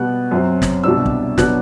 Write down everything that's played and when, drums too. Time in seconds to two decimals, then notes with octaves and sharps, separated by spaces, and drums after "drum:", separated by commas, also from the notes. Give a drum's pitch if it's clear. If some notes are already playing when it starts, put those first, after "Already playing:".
Already playing: B2 G3 B3 F#6
0.31 F#2 F#3 C4
0.62 drum: snare
0.84 C2 B2 G3 D4 E6
1.06 drum: kick
1.38 B2 F#3 B3 D4 F#6, drum: snare